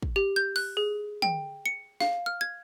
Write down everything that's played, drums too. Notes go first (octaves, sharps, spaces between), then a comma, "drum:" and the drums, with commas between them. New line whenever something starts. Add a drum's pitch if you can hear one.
drum: kick
G4
G6
F#6, drum: open hi-hat
G#4
G5, drum: tom
C#7
F5, drum: snare
F6
G#6